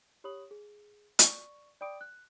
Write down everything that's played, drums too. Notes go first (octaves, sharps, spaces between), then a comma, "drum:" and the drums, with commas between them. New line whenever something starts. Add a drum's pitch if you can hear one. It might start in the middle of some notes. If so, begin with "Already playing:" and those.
G4 C#5 B5 D#6 F#7
G#4
D5 C#6, drum: hi-hat
D5 G5 B5 D6 D#6 D7
F#6